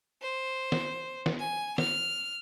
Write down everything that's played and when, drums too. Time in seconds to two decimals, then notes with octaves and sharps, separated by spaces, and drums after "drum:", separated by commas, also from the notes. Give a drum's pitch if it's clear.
0.21 C5
0.72 drum: snare
1.26 drum: snare
1.39 G#5
1.78 F6, drum: snare